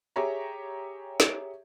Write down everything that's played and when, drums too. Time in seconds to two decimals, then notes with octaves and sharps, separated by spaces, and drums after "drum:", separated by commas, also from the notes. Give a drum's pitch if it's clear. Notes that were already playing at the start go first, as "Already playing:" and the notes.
0.16 G4 G#4 C#5 E5 A#5
1.20 drum: snare